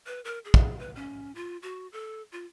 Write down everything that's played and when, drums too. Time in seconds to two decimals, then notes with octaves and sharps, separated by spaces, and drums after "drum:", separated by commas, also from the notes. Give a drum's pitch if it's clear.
0.07 B4
0.25 A#4
0.45 G#4
0.54 drum: kick
0.79 B4
0.96 C#4
1.35 F4
1.62 F#4
1.93 A4
2.32 F4